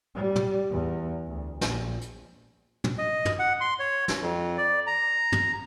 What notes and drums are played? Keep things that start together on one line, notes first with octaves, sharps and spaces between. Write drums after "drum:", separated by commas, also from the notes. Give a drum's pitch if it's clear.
G3
drum: tom
E2
D2
A#1, drum: snare
drum: hi-hat
drum: tom
D#5
drum: tom
F#5
C6
C#5
drum: snare
F2
D5
A#5
drum: tom